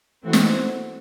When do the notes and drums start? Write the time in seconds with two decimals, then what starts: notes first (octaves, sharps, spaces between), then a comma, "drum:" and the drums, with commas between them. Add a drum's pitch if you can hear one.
0.23 E3 A3 C4 F#4 C5
0.33 drum: snare